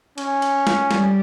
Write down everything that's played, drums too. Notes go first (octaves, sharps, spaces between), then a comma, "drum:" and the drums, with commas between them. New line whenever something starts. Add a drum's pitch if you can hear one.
C#4, drum: cymbal
drum: cymbal
drum: snare
G3, drum: snare